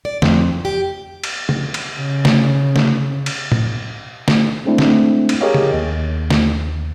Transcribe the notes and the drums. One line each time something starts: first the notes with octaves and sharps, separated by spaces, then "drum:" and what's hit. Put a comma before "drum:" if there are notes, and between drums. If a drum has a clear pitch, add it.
D5
F2, drum: snare
G4
drum: cymbal
drum: tom C#3
drum: cymbal
C#3
drum: snare
drum: snare
drum: cymbal
drum: tom A2
drum: snare
G#3 A3 C4 D4 E4
drum: snare
drum: cymbal
G4 G#4 A#4 C#5 D#5 F5
drum: tom C#3
D#2
drum: snare